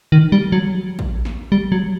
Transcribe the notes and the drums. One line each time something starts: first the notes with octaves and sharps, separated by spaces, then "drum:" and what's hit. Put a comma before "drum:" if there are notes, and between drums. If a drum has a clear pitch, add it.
D#3
G3
F#3
drum: kick
drum: snare
G3
F#3